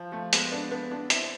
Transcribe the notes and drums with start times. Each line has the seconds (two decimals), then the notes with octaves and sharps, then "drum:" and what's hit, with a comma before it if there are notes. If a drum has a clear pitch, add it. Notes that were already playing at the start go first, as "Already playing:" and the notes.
Already playing: F3
0.12 F3 A3
0.33 G#3 B3, drum: hi-hat
0.52 B3 D4
0.71 B3 D4
0.91 B3 D4
1.10 C4 E4, drum: hi-hat